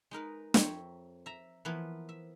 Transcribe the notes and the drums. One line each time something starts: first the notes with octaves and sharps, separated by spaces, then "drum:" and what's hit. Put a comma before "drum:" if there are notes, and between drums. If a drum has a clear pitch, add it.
G#3 D#4 A#4 B4
F2 C#5 E5 G5 A#5 C6, drum: snare
E5 A#5
E3 F3 A#3 B3 B4
E5